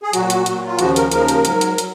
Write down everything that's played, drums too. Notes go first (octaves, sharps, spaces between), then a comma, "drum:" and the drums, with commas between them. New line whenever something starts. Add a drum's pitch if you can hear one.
G#4
A#2 F#3 F#4, drum: hi-hat
drum: hi-hat
A#2 F#3, drum: hi-hat
F4
D#2 C#3 F3 F#4, drum: hi-hat
A#4, drum: hi-hat
D#2 C#3 F3 A#4, drum: hi-hat
drum: hi-hat
G#2 F#3, drum: hi-hat
drum: hi-hat
F#3, drum: hi-hat